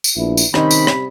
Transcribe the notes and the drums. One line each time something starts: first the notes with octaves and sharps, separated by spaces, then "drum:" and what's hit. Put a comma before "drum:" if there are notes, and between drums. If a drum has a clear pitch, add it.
drum: tambourine
A#1 B3 D4 E4
drum: tambourine
C3 D#3 G3 C4 C#4 D#4 B5, drum: rim click
drum: tambourine
drum: rim click